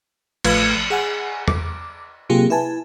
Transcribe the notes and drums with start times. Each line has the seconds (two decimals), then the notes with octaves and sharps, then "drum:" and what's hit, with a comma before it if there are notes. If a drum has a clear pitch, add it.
0.44 A1 F3 A3 B4 F5 G#6, drum: cymbal
0.90 G#4 F#5 G#5
1.48 D6, drum: tom
2.29 C3 F#3 A#3 F4 G4 G#4
2.50 E4 B4 G#5 A5